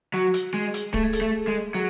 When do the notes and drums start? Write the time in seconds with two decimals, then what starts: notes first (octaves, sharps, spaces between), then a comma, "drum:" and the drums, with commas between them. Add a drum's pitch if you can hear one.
0.14 F#3 F#4
0.34 drum: hi-hat
0.54 G#3 G#4
0.74 drum: hi-hat
0.94 A3 A4, drum: kick D1
1.03 G#4
1.13 A4, drum: hi-hat
1.21 A3
1.47 G#3
1.74 F#3 G#4